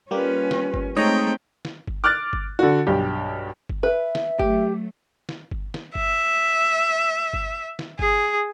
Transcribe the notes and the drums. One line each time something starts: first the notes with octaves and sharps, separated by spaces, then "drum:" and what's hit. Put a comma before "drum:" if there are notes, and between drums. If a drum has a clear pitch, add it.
G3 A#3 C#4 F4 G4 B4
drum: snare
drum: kick G1
G#3 A3 C4 D#4 C#5 D#5 G5 A#5
drum: snare
drum: kick G1
D6 F6 F#6 A6
drum: kick G1
D3 F#4
B1 G2 G4
drum: kick G1
B4 E5
drum: snare
F#3 A3 G4, drum: kick G1
drum: snare
drum: kick G1
drum: snare
E5, drum: kick G1
drum: kick G1
drum: snare
G#4, drum: kick G1